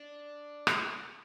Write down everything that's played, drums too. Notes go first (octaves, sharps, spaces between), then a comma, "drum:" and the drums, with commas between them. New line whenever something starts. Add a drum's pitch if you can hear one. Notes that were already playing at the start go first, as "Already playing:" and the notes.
Already playing: D4
drum: rim click